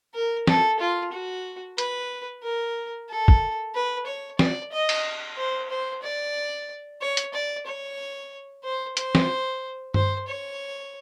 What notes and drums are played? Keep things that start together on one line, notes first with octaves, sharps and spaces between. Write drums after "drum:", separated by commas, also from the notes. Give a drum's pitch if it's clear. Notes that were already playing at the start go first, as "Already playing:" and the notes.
A#4
A4, drum: snare
F4
F#4
B4, drum: hi-hat
A#4
A4
drum: kick
B4
C#5
D5, drum: snare
D#5
drum: cymbal
C5
C5
D5
C#5
drum: hi-hat
D5
C#5
C5
C5, drum: hi-hat
drum: snare
C5, drum: tom G2
C#5